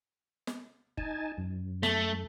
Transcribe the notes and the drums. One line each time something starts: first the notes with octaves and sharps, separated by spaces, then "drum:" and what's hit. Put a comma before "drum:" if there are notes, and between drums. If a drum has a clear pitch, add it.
drum: snare
D#4 G#5 A5, drum: kick F#1
F#2
A3, drum: snare